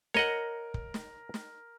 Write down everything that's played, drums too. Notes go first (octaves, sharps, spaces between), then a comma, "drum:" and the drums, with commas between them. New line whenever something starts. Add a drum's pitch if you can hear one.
A#4 C#5 D#5 F#5, drum: snare
drum: kick
drum: snare
drum: snare